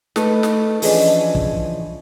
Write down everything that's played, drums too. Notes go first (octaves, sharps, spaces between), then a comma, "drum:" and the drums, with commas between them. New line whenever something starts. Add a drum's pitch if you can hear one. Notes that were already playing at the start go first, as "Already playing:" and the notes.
A3 D#4 A4 B4, drum: snare
drum: snare
E3 F3 C#4 D4 G#4 D#5, drum: open hi-hat
drum: kick